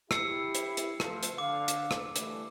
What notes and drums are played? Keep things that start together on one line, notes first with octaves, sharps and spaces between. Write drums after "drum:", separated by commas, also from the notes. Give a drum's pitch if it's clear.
E4 G4 E6 C7 C#7, drum: rim click
drum: hi-hat
drum: hi-hat
F3 A3, drum: rim click
drum: hi-hat
D3 F5 D6
drum: hi-hat
drum: rim click
E3 G3 A3, drum: hi-hat